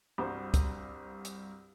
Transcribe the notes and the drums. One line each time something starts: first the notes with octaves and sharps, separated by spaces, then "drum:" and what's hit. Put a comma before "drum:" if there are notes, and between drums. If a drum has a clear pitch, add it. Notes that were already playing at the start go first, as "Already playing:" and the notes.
C2 G2 F#4 C5
drum: kick, hi-hat
drum: hi-hat